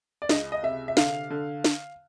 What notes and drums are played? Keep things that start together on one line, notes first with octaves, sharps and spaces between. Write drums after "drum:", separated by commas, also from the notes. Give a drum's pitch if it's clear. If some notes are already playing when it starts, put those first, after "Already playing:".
D5
C#2 D#5, drum: snare
D#5
C3 E5
E5
D3 F5, drum: snare
D3
drum: snare